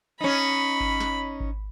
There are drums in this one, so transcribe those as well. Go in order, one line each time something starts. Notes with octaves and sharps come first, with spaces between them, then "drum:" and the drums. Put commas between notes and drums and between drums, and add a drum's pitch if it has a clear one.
C#4 D#4 B5
drum: kick G#1
drum: snare
drum: kick G#1